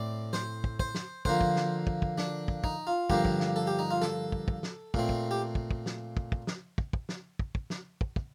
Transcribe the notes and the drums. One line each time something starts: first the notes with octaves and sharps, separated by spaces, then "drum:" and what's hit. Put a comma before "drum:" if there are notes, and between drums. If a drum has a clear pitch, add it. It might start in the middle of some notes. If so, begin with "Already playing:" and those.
Already playing: A2 A3 C4 D5
C5, drum: snare
drum: kick
C5, drum: kick
drum: snare
D3 F3 A#3 C5, drum: kick
drum: kick
drum: snare
drum: kick
drum: kick
D4, drum: snare
drum: kick
D#4, drum: kick
F4
G2 D3 F3 A#3 G4, drum: kick
drum: kick
drum: snare
A4
G4
D#4
F4
A4, drum: snare
drum: kick
drum: kick
drum: snare
A#2 A3 C4, drum: kick
drum: kick
G4
drum: kick
drum: kick
drum: snare
drum: kick
drum: kick
drum: snare
drum: kick
drum: kick
drum: snare
drum: kick
drum: kick
drum: snare
drum: kick
drum: kick